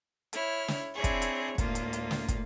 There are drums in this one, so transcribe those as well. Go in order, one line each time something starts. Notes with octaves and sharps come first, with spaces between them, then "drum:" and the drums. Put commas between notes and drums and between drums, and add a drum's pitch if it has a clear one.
E4 C#5 F6, drum: hi-hat
drum: snare
C4 D4 E4 G#4 C#5
drum: kick, hi-hat
drum: hi-hat
D2 A2 A#3 F4, drum: kick, hi-hat
drum: hi-hat
drum: hi-hat
drum: snare
drum: kick, hi-hat